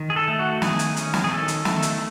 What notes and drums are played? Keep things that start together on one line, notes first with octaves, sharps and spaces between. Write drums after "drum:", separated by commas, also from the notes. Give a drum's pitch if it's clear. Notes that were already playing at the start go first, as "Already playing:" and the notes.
Already playing: D#3
G#4
A4
A3
F#4
D#3 G#4, drum: snare
drum: hi-hat
C#4, drum: hi-hat
drum: snare
G#4
D#3 A4
drum: hi-hat
A3, drum: snare
drum: hi-hat